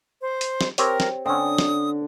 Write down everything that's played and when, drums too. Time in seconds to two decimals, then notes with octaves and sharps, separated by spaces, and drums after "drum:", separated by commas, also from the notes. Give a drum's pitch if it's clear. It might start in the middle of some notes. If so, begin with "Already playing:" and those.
0.21 C5
0.41 drum: hi-hat
0.61 drum: snare
0.78 C4 G4 A#4 C#5, drum: hi-hat
1.00 drum: snare
1.26 D3 C4 C#4 D#6
1.58 drum: snare